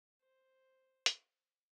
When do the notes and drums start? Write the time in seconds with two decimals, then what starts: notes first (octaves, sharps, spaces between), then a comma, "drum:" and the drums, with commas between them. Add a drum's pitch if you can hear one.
0.21 C5
1.06 drum: hi-hat